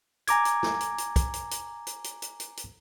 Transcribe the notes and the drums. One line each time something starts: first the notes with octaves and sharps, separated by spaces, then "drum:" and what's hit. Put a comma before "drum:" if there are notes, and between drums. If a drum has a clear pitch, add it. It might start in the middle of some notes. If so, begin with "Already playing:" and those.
G#5 A#5 D6 G#6, drum: hi-hat
drum: hi-hat
drum: snare
drum: hi-hat
drum: hi-hat
drum: kick, hi-hat
drum: hi-hat
drum: hi-hat
drum: hi-hat
drum: hi-hat
drum: hi-hat
drum: hi-hat
drum: hi-hat